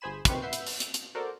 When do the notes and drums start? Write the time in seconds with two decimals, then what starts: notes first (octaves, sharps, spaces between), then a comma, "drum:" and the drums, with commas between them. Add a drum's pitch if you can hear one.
0.01 G1 G#4 C5 G#5 B5 E7
0.25 C3 D#3 G4 B4 C6 C#6, drum: kick, hi-hat
0.42 B4 E5 F#5 E6 G6 C7
0.53 drum: hi-hat
0.67 drum: open hi-hat
0.80 drum: hi-hat
0.94 drum: hi-hat
1.15 F#4 A4 A#4 C5 D5